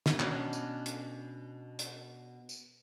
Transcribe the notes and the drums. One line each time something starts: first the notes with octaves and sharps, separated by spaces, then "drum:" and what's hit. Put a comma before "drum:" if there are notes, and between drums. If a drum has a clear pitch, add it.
drum: snare
B2 C#4 D4, drum: clap
drum: tambourine
drum: hi-hat
drum: hi-hat
drum: tambourine